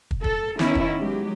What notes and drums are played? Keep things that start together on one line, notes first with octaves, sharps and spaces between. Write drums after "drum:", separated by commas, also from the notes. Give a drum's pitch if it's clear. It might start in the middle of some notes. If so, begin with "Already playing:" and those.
drum: kick
A4, drum: kick
D#3 B3 C#4 D#4 E4, drum: snare
drum: kick
F#3 G#3 G4